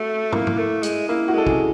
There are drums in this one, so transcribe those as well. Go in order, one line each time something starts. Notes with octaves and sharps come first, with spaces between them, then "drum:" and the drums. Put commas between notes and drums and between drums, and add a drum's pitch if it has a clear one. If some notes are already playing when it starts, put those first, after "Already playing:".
Already playing: A3 F#4
A#3 E4, drum: tom
drum: tom
A3
G#3, drum: hi-hat
A#3 E4
F#4
G#3 A4
G#4, drum: kick